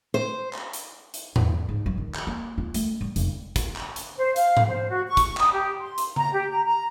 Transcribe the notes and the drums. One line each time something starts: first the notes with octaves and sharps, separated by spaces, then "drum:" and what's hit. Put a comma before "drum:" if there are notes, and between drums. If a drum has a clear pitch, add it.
C5
drum: clap
drum: hi-hat
drum: hi-hat
E2, drum: tom G#2
G#2
F#3
D#3
drum: clap
A#3
F4
A3, drum: hi-hat
G3
F1, drum: hi-hat
drum: kick, hi-hat
drum: clap
drum: hi-hat
C5
F5, drum: hi-hat
drum: tom G#2
C5
F#4
C#6
drum: kick, hi-hat
D#6, drum: clap
G4
C6
drum: hi-hat
A#5, drum: tom C#3
G4
A#5
A#5